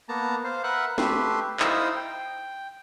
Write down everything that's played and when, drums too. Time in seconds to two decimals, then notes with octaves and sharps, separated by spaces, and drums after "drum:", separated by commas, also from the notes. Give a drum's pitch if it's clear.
0.09 A#3 B3 A5 A#5
0.44 C5 F5
0.64 A#4 B4 E5 F#5 F#6
0.98 A3 G4 B4 E5 C6, drum: snare
1.60 D#4 E4 C5 F5 D#6 E6, drum: clap
1.96 G5